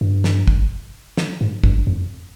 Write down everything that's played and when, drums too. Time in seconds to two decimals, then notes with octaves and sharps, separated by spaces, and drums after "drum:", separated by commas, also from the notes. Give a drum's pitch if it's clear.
0.01 G2
0.24 drum: snare
0.48 drum: kick
1.17 drum: snare
1.41 G#2
1.64 G2, drum: kick
1.87 F2